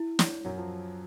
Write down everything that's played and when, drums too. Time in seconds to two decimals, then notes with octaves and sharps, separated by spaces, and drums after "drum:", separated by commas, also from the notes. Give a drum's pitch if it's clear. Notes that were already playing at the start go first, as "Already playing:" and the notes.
Already playing: E4
0.19 C#5, drum: snare
0.45 F#2 F#3 C#5
0.57 F3